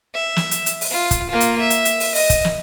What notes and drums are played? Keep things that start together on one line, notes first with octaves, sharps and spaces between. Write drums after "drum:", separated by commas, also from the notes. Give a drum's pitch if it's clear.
E5
drum: snare
drum: hi-hat
drum: hi-hat
drum: open hi-hat
F4
drum: kick, hi-hat
A#3 F4
drum: hi-hat
E5
drum: hi-hat
drum: hi-hat
drum: open hi-hat
D#5, drum: open hi-hat
drum: kick, hi-hat
drum: snare